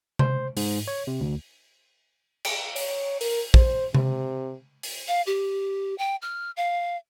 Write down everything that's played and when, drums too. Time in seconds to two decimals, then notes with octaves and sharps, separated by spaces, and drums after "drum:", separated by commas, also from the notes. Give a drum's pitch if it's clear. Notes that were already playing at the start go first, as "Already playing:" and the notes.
0.19 C5, drum: tom C3
0.57 G#2, drum: open hi-hat
0.88 C#5
1.07 C3
1.20 D2
2.45 drum: cymbal
2.76 C#5, drum: open hi-hat
3.21 A#4, drum: open hi-hat
3.54 C5, drum: kick
3.95 C3, drum: tom C3
4.83 drum: open hi-hat
5.08 F5
5.27 G4
5.98 G5
6.22 F6
6.57 F5